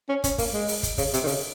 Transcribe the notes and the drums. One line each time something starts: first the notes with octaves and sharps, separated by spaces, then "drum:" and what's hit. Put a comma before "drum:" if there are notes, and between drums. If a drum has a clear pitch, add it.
C#4
C#4, drum: kick, hi-hat
A#3, drum: kick, open hi-hat
G#3
drum: open hi-hat
drum: kick, hi-hat
C#3, drum: kick, open hi-hat
C3, drum: hi-hat
D#3
C#3, drum: open hi-hat